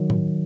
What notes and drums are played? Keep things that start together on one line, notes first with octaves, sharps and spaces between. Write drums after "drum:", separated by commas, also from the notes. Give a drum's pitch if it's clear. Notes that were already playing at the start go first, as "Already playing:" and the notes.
Already playing: D#3 F#3
drum: tom